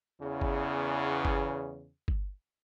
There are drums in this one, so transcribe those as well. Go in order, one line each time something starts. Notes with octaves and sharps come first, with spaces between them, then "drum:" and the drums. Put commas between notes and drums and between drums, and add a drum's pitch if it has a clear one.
E2 C#3
drum: kick G1
drum: kick G1
drum: kick G1